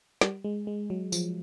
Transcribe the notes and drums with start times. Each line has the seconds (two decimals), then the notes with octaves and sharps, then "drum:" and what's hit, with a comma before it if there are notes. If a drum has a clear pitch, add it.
0.21 G3, drum: snare
0.44 G#3
0.67 G#3
0.90 F#3
1.12 F3, drum: tambourine